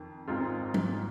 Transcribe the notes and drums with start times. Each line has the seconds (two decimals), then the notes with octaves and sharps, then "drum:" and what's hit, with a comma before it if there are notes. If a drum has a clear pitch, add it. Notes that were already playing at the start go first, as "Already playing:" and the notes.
Already playing: F2 D#3
0.28 G#1 G#2 G#3 C4 F4
0.74 drum: tom